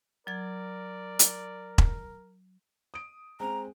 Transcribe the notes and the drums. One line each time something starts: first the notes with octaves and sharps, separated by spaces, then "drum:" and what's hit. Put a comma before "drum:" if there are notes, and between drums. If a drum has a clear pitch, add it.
F#3 A#4 D5 G#6
drum: hi-hat
drum: kick E1
D#6 D7
G#3 C4 A#5